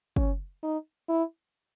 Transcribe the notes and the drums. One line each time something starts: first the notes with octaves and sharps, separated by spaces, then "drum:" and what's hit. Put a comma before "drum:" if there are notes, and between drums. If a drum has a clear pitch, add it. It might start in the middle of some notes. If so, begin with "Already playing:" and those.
C#4, drum: kick
D#4
E4